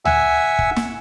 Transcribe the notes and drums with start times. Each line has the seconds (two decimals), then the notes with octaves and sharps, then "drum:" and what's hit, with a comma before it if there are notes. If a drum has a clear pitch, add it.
0.05 E5 F#5 G#5 E6, drum: tom C#2
0.59 drum: kick
0.76 drum: snare